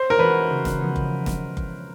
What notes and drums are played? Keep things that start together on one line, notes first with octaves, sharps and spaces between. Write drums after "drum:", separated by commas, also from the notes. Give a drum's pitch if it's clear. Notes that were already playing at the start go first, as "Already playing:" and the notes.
Already playing: C5
A#4
E3 G#3 C#4 F#4 B4
C#3
drum: snare E1
F3 G#3 B3
drum: kick F#1
drum: snare E1
drum: kick F#1